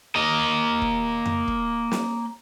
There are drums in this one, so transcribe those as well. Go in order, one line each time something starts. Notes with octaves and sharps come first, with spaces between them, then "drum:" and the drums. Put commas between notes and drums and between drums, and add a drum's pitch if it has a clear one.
A#3 D#5
drum: kick
drum: tom F2
drum: kick
drum: snare